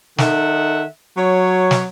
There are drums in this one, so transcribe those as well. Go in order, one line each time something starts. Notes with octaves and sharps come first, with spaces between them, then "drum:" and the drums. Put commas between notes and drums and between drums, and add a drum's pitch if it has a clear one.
D#3 D#4 A4 E5 F#5, drum: snare
F#3 C#5
drum: snare